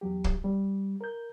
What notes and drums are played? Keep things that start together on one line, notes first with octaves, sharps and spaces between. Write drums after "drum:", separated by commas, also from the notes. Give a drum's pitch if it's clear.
E2 F#3 G4
drum: kick
G3
A#4 G6